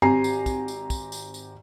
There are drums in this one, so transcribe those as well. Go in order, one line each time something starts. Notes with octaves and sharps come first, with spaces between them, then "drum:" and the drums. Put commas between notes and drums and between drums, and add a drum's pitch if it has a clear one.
G#1 C4 G4 G#5 A#5 C7, drum: tom G2
drum: tambourine
drum: kick, tambourine
drum: tambourine
drum: kick, tambourine
drum: tambourine
drum: tambourine